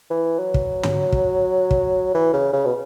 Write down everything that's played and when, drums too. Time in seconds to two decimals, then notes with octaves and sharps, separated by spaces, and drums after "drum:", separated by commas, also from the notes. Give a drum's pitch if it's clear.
0.10 E3
0.39 F#3
0.54 drum: kick
0.83 drum: tom
1.12 drum: kick
1.71 drum: kick
2.15 E3
2.33 C#3
2.53 C#3
2.65 B2